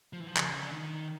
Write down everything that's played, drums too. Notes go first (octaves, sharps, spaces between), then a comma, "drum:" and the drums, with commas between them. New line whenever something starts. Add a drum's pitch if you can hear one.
F3
E3
F3
C#3, drum: clap
D3
D#3